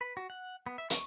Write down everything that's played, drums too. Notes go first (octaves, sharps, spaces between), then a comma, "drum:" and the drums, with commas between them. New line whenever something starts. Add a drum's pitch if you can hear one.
B4
F#4
F#5
B3
E5
C#6, drum: hi-hat